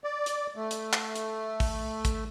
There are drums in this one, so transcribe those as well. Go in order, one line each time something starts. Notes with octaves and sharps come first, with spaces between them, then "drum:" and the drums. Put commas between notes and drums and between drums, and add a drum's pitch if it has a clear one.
D5
drum: hi-hat
A3
drum: hi-hat
drum: clap
drum: hi-hat
drum: kick, open hi-hat
drum: kick, hi-hat